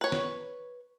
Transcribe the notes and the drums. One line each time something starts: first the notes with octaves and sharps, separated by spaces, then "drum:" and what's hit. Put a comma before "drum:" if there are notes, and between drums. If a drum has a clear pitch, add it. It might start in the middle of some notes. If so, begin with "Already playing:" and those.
B4 C#5
drum: snare